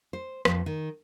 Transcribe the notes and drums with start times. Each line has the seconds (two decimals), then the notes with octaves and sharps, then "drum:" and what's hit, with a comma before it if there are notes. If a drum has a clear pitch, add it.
0.13 C5
0.45 F2, drum: rim click
0.66 D#3